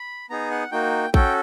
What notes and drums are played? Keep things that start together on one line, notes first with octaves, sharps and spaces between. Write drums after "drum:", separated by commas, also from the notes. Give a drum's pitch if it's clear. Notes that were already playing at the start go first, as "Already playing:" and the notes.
Already playing: B5
B3 D#4 G#4 A#5
F#5
A#3 D#4 F#4 G5
C#4 F#4 A4 G5, drum: kick A1